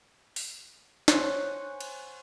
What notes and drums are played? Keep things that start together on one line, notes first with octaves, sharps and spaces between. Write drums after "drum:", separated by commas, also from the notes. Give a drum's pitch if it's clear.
drum: open hi-hat
C5 C#5 F#5 G#5, drum: snare
drum: cymbal